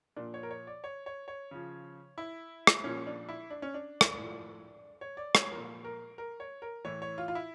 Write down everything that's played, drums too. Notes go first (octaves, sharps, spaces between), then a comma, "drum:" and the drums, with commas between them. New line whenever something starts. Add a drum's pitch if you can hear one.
A#2 F3 D4
C#5
A#4
C#5
D5
C#5
C#5
C#5
C#3 F3
E4
drum: rim click
A#2 F3 C#4
D4
E4
D4
C#4
D4
drum: rim click
A2
F3
C#5
D5
C#5, drum: rim click
A#2 F3 A#4
A#4
A#4
C#5
A#4
A2 E3 C#5
C#5
F4
F4
E4